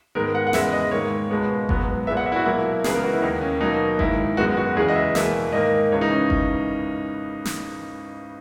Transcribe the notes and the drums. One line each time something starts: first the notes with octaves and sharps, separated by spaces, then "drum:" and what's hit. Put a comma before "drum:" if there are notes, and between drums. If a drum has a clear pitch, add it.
G#2 D#3 G#3 B3 A#4
F#5
F#5
E2 C#3 G#3 B3 E5, drum: snare
D#5
G#2 D#3 A#3 C#5
C#2 B2 G#3 B3
G#2 F#3 B3, drum: kick G1
A#2 G#3 B3 E5
F#5
E5
E4
F#4
B2 F#3 A#3 E4
C#2 C#3 E3 B3 G#4, drum: snare
A#4
F#4
E4
D#2 D#3 A#3 D#4
C#4
B2 F#3 A#3 D#4
G#2 D#3 A#3 E4, drum: kick G1
F#2 D#3 G#3 B3 F#4
F#4
E2 C#3 E3 G#3 G#4
D#5
E5
E2 B2 A#3 E5, drum: snare
G#2 D#3 A#3 D#5
C#2 C#3 E3 C#5
D#4
C#4
drum: kick G1
drum: snare